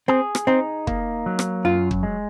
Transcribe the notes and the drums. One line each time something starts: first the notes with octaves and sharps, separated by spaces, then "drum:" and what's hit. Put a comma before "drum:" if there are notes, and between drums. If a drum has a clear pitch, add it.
C4 G#4
drum: rim click
C4 D#4
A#3, drum: kick
F#3
drum: rim click
F#2 F4
drum: kick
G#3